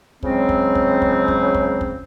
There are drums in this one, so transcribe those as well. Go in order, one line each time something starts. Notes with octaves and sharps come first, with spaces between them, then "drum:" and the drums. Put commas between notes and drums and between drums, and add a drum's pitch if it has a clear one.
C#3 F3 F#3 G#3 C4, drum: kick
drum: kick
drum: kick
drum: kick
drum: kick
drum: kick
drum: kick